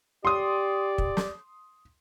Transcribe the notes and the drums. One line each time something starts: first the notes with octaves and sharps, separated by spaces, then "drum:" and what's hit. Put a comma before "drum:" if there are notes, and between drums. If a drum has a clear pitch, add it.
G4 D5 C6 D#6
drum: kick
drum: snare